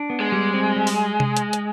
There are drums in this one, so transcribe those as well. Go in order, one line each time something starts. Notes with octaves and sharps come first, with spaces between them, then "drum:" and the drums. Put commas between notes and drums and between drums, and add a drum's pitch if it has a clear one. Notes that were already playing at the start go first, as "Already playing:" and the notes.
Already playing: D4
B3
G#3
G3
C4
G3
drum: open hi-hat
drum: tom C3
drum: hi-hat
drum: hi-hat